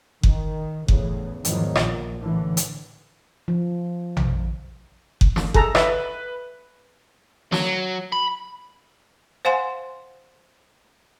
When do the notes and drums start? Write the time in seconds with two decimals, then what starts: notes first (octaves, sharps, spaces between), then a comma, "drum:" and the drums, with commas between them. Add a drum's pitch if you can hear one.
0.23 D#3, drum: kick F#1
0.88 E2 A2 C#3, drum: kick F#1
1.45 E2 G#2 D#3 F3 F#3, drum: hi-hat
1.75 A#1 A#2, drum: rim click
2.20 A2 D3 E3
2.57 drum: hi-hat
3.48 F3
4.17 drum: tom A#1
5.21 drum: kick F#1
5.36 drum: snare
5.54 G#4 A4 A#5, drum: kick F#1
5.75 B4 E5, drum: rim click
7.52 F#3, drum: snare
8.12 B5
9.45 C5 F5 F#5 G#5 C6